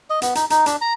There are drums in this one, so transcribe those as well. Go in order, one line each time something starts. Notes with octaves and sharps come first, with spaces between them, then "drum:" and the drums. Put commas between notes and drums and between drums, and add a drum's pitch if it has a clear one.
D#5
B3, drum: hi-hat
D#4, drum: hi-hat
D#4, drum: hi-hat
D4, drum: hi-hat
A#5